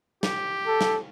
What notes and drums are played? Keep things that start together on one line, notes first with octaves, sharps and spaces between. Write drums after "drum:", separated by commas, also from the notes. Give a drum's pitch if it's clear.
G4, drum: snare
A4
drum: snare